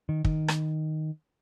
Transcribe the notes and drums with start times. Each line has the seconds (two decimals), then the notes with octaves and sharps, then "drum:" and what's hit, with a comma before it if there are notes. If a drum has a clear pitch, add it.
0.09 D#3
0.25 D#3, drum: kick
0.48 drum: rim click